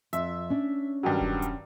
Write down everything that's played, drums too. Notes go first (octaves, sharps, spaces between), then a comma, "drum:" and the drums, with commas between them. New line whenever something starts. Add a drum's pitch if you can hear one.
F2 E5, drum: hi-hat
C#4 D4
G2 D#3 F#3
drum: kick E1
drum: hi-hat